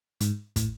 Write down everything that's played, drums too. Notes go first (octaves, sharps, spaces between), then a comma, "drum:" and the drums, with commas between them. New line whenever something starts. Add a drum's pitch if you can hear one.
G#2, drum: hi-hat
A2, drum: kick, hi-hat